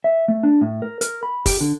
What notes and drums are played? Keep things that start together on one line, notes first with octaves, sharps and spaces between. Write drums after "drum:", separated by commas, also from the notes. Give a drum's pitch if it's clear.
E5
A3
D4
A2
A#4
A#4, drum: hi-hat
B5
G4, drum: kick, open hi-hat
D3